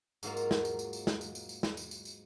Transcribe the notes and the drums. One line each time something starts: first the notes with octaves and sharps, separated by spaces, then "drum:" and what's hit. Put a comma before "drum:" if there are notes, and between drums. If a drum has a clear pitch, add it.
G#2 F#3 A#3 F4, drum: tambourine
drum: tambourine
drum: snare
drum: tambourine
drum: tambourine
drum: tambourine
drum: snare
drum: tambourine
drum: tambourine
drum: tambourine
drum: snare
drum: tambourine
drum: tambourine
drum: tambourine